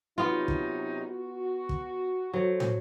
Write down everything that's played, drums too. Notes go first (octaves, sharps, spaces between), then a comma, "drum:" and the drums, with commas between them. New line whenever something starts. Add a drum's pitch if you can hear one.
C3 F#3 B3 D#4 F4
drum: kick
F#4
drum: kick
F#3 F#4 A4 C5
drum: tom